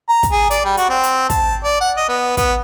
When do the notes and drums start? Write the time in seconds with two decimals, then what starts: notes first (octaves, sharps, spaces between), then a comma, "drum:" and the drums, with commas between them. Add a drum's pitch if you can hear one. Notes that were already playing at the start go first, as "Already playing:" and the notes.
0.09 A#5
0.23 drum: kick, hi-hat
0.32 G#4
0.51 D5, drum: hi-hat
0.65 G3
0.77 F#4, drum: hi-hat
0.90 C4
1.03 drum: hi-hat
1.30 A5, drum: kick, hi-hat
1.64 D5
1.81 F#5
1.97 D#5
2.09 B3
2.37 B3, drum: kick, hi-hat